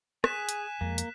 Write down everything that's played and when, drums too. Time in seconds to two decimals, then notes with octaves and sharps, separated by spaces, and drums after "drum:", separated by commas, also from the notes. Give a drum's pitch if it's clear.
0.24 G#4 G#5 F#6 B6 E7, drum: rim click
0.49 drum: hi-hat
0.81 F2 G#3 A#3
0.98 drum: hi-hat